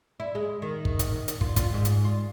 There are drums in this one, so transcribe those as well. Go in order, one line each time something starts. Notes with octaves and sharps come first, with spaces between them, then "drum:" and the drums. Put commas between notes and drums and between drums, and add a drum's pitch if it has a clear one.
E4
G#3
D#3
drum: kick
drum: kick, hi-hat
drum: hi-hat
F4, drum: kick
F4, drum: kick, hi-hat
G#2
drum: hi-hat
F4